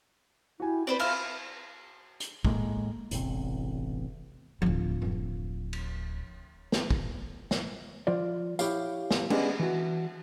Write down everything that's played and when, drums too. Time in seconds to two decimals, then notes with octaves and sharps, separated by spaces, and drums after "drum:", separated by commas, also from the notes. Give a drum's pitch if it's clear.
0.60 E4 F#4 G4 G#5
0.87 C4 B4 C5 D5
0.99 F4 A4 E5 F5 B5 F6, drum: cymbal
2.20 drum: hi-hat
2.45 A2 G#3 A#3, drum: kick
3.11 E1 A1 E2 C3, drum: hi-hat
4.62 D1 F3
5.02 drum: tom F#2
5.73 drum: cymbal
6.72 drum: snare
6.91 drum: kick
7.51 drum: snare
8.07 F3 F4 D5
8.59 E4 G4 C#5 F5, drum: tambourine
9.11 drum: snare
9.30 G#3 B3 C#4 D4 G4 G#4, drum: cymbal
9.59 E3 F#4